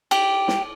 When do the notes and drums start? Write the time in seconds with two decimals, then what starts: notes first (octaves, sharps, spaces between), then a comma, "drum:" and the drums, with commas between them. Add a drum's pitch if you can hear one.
0.11 G4, drum: cymbal
0.48 drum: snare